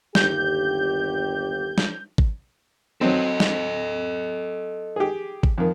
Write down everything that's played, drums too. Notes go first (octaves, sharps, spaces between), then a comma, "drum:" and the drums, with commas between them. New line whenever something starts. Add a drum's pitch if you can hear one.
G1 D#2 G4 G6, drum: snare
drum: snare
drum: kick G#1
F#3 C4 A4 D#5
drum: snare
G4 G#4
drum: kick G#1
F2 D#3